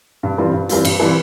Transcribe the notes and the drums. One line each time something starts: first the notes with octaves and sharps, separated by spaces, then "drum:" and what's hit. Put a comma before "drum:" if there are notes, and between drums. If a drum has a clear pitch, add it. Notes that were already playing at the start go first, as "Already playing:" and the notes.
G2
E3 G3 C4 F4
G2
E3 G3 C4 F4, drum: hi-hat
G2, drum: cymbal
E3 G3 C4 F4